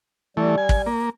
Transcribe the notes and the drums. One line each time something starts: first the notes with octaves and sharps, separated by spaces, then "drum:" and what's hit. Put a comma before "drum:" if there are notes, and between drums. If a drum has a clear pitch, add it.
E3 G3 A3
G#5
drum: kick
A#3